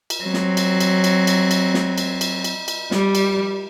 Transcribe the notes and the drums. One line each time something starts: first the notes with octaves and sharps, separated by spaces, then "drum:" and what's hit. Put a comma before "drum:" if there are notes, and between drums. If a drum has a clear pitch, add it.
drum: cymbal
F#3 C4
drum: snare
drum: cymbal
drum: cymbal
drum: cymbal
drum: cymbal
drum: cymbal
drum: snare
drum: cymbal
drum: cymbal
drum: cymbal
drum: cymbal
G3, drum: snare
drum: cymbal